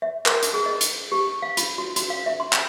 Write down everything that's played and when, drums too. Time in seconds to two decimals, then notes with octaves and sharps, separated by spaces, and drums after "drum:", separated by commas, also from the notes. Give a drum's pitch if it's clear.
0.02 E5
0.26 A#4, drum: clap
0.43 drum: hi-hat
0.54 G#4
0.66 D#5
0.81 drum: hi-hat
1.12 G4
1.42 F5
1.57 F4, drum: hi-hat
1.78 F#4
1.96 F#4, drum: hi-hat
2.10 F5
2.26 E5
2.40 C6
2.53 drum: clap